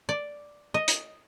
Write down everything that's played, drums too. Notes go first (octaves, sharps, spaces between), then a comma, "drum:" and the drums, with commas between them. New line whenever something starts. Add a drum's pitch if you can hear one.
D5
D#5
drum: hi-hat